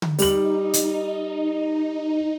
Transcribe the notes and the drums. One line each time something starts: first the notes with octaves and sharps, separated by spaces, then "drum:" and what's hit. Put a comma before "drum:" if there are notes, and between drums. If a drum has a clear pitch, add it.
drum: tom D3
G3 D#4 F#7, drum: open hi-hat
drum: hi-hat